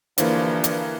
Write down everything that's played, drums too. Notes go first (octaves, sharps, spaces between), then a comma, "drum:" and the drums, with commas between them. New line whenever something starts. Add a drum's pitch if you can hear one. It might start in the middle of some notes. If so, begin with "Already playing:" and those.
G2 D3 E3 F3 A#3, drum: hi-hat
drum: hi-hat